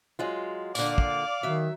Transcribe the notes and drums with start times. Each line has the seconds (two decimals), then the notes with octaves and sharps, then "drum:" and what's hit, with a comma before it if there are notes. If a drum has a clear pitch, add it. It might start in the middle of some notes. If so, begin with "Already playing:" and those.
0.19 F#3 G#3 F4
0.75 A#2 D3 D5 F5, drum: tambourine
0.98 drum: kick
1.43 D#3 F#3 E5